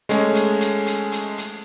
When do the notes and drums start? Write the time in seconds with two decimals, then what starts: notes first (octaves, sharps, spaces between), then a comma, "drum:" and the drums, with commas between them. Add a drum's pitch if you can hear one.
0.09 G#3 A3 C#4 G#5, drum: hi-hat
0.35 drum: hi-hat
0.61 drum: hi-hat
0.86 drum: hi-hat
1.12 drum: hi-hat
1.38 drum: hi-hat